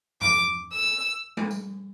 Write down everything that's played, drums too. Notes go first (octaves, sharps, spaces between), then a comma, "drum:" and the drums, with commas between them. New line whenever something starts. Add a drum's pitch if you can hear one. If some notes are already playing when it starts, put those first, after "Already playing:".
D6, drum: tom E2
E6
drum: tom G3
drum: tambourine